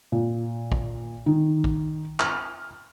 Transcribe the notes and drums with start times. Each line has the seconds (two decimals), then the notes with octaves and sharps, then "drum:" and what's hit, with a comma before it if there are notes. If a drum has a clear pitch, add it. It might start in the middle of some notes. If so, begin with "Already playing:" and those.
0.12 A#2
0.72 drum: kick
1.26 D#3
1.64 drum: kick
2.20 F6, drum: clap